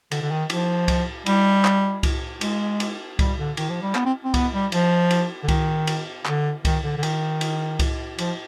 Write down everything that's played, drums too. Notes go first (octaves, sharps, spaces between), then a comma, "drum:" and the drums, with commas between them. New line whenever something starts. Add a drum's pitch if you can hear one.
D3, drum: cymbal
D3
D#3
F3, drum: cymbal
drum: kick C2, cymbal
G3, drum: cymbal
drum: clap
drum: kick C2, cymbal
G#3, drum: cymbal
drum: cymbal
G3, drum: kick C2, cymbal
D3
D#3, drum: cymbal
F3
G3
B3, drum: clap
C4
C4
B3, drum: kick C2, cymbal
G3
F3, drum: cymbal
drum: cymbal
D3
D#3, drum: kick C2, cymbal
drum: cymbal
D3, drum: clap
D#3, drum: kick C2, cymbal
D3
D3
D#3, drum: cymbal
drum: cymbal
drum: kick C2, cymbal
F3, drum: cymbal